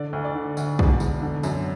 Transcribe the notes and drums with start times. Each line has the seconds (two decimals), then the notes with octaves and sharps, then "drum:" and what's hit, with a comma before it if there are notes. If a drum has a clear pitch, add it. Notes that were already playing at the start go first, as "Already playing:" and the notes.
Already playing: D3 D5
0.13 D2
0.24 D5
0.35 D3
0.57 D2, drum: tambourine
0.79 E1, drum: kick
1.00 E1, drum: tambourine
1.22 D3
1.43 F#2, drum: tambourine